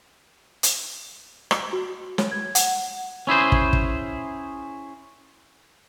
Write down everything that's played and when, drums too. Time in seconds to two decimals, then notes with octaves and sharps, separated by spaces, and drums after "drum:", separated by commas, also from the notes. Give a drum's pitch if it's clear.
0.63 drum: hi-hat
1.51 drum: rim click
1.73 F#4
2.18 C#5, drum: snare
2.31 G#6
2.55 F#5, drum: hi-hat
3.27 C#4 E4 G#4 C5
3.52 drum: kick
3.73 drum: kick